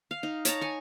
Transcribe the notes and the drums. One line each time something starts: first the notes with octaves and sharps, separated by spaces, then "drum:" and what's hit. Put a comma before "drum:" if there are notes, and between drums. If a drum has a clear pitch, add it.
F5
D#4
C#5 A5 A#5, drum: hi-hat
G#5 C#6